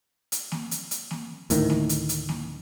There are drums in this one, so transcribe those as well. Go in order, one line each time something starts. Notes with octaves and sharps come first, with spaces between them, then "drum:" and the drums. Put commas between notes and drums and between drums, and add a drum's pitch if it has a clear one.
drum: hi-hat
drum: snare A#3
drum: hi-hat
drum: hi-hat
drum: snare A#3
D2 A2 D#3, drum: hi-hat
drum: snare A#3
drum: hi-hat
drum: hi-hat
drum: snare A#3